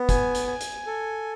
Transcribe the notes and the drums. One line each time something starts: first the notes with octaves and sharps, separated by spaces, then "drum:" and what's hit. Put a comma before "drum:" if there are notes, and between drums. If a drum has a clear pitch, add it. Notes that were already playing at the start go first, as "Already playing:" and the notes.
Already playing: B3
G#5, drum: kick, hi-hat
drum: hi-hat
G#5
drum: hi-hat
A4